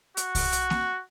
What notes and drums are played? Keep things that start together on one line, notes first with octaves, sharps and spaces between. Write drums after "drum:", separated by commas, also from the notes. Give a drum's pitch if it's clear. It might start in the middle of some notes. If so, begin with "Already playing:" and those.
F#4, drum: hi-hat
drum: kick C2, open hi-hat
drum: hi-hat
drum: snare A#3